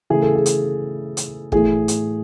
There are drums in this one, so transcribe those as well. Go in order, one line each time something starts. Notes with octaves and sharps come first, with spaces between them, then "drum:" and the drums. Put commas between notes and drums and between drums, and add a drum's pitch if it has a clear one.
C#3 E3 A3 G#4
A4
G#4
drum: hi-hat
drum: hi-hat
A2 E3 A3 G#4, drum: kick
drum: hi-hat